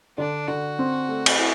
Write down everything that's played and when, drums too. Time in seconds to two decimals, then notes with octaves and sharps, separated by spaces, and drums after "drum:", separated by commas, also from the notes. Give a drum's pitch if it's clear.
0.18 D3 D4
0.48 D3 F#4
0.79 C4
1.09 A3
1.26 drum: cymbal
1.38 E4